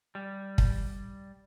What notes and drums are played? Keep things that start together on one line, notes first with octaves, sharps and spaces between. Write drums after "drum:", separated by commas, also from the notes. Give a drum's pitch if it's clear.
G3
drum: kick